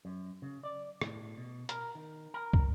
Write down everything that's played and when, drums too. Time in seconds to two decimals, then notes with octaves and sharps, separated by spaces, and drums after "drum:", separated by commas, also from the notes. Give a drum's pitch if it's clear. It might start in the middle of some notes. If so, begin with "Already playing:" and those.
0.05 F#2
0.42 C#3
0.63 D5
1.01 A2, drum: rim click
1.37 B2
1.69 A#4, drum: hi-hat
1.95 D#3
2.34 A#4
2.53 drum: kick